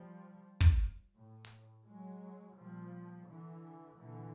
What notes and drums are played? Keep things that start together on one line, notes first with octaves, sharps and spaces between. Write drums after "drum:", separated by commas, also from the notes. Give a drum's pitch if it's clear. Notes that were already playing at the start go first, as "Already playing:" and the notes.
Already playing: F3 G3
drum: kick
A2
drum: hi-hat
F#3 G#3
A#2 F3 G3
D3 E3
A#2 D3 E3